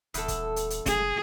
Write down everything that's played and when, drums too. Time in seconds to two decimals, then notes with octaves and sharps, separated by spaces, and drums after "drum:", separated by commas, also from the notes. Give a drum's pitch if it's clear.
0.14 D#1 E2 A4, drum: hi-hat
0.28 drum: kick, hi-hat
0.56 drum: hi-hat
0.70 drum: hi-hat
0.86 F1 G#4, drum: kick, hi-hat